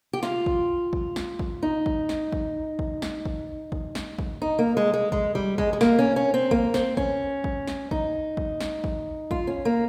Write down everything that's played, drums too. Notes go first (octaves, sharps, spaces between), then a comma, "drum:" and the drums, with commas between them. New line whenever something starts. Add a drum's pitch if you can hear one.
G4
F4, drum: snare
drum: kick A1
drum: kick A1
drum: snare
drum: kick A1
D#4
drum: kick A1
drum: snare
drum: kick A1
drum: kick A1
drum: snare
drum: kick A1
drum: kick A1
drum: snare
drum: kick A1
D#4
A#3
G#3
G#3
G#3, drum: kick A1
G3
G#3, drum: kick A1
G#3
A#3, drum: snare
C#4
C#4
C4
A#3, drum: kick A1
C4, drum: snare
C#4, drum: kick A1
drum: kick A1
drum: snare
D#4, drum: kick A1
drum: kick A1
drum: snare
drum: kick A1
F4, drum: kick A1
C#4
A#3